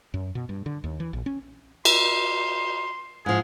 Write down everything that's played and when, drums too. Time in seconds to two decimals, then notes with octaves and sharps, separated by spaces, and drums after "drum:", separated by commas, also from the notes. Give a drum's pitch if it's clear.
0.14 F#2
0.35 B2
0.49 G2
0.66 D3
0.84 D#2
1.00 E3
1.13 A#1
1.26 C#4
1.85 C6, drum: cymbal
3.26 G#2 F3 G#4